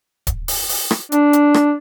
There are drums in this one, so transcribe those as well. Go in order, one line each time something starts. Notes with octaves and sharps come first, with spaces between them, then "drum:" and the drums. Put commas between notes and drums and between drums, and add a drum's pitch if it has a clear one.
drum: kick D1, hi-hat
drum: open hi-hat
drum: open hi-hat
drum: rim click
D4, drum: hi-hat
drum: hi-hat
drum: rim click